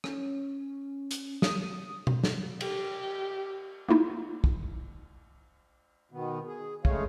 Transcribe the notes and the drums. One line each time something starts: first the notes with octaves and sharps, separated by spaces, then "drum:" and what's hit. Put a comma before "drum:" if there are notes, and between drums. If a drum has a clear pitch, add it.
C#4, drum: rim click
drum: hi-hat
D#6, drum: snare
drum: tom B2
drum: snare
G4, drum: cymbal
A3 A#3 D#4 E4
drum: kick
B2 D#3 B3
G#4
C#3 G#3 A3 G#4 C#5 F5, drum: kick